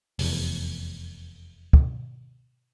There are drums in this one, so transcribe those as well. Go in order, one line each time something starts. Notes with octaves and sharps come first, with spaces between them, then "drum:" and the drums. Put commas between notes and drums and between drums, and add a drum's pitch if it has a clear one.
F1 E2, drum: open hi-hat
drum: kick